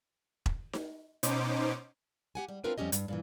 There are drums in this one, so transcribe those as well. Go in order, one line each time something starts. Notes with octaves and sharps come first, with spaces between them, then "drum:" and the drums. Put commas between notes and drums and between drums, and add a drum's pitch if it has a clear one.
drum: kick E1
drum: snare D#4
B2 C#4 D#4 C5 D6, drum: hi-hat
G4 F#5 G#5
G3
B3 C4 D4 F4 A#4 B4
F2 G3 C#4 G4 D#5
G2, drum: hi-hat
G2 A#2 E3